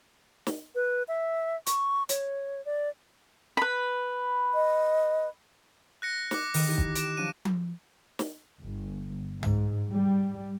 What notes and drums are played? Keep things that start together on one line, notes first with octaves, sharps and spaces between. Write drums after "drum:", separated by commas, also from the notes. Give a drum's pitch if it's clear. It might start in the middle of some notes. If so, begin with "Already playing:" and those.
drum: snare
B4
E5
C#6, drum: hi-hat
C#5, drum: hi-hat
D5
B4 B5
D#5
F#6 A#6 C#7
D6 F#6 C#7, drum: snare
D#3, drum: open hi-hat
D#4 E4 G4
drum: kick
D7 E7, drum: hi-hat
F3 F#3 D4 D#7
drum: tom F3
drum: snare
G1
G#2, drum: tom
G3